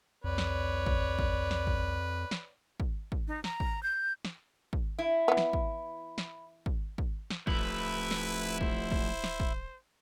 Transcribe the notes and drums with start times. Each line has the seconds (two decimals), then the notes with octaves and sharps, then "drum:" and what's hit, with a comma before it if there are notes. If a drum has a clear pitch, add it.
0.24 C2 F2 B4 C#5 D5
0.38 drum: snare
0.86 drum: kick
1.19 drum: kick
1.51 drum: snare
1.67 drum: kick
2.31 drum: snare
2.80 drum: kick
3.12 drum: kick
3.28 D#4
3.44 A#5, drum: snare
3.60 drum: kick
3.83 G6
4.25 drum: snare
4.73 drum: kick
4.99 E4
5.28 E3 B3
5.37 drum: snare
5.53 drum: kick
6.18 drum: snare
6.66 drum: kick
6.98 drum: kick
7.30 drum: snare
7.47 D1 F3 A3 E4 B4, drum: kick
8.11 drum: snare
8.61 C5, drum: kick
8.91 drum: kick
9.24 drum: snare
9.40 drum: kick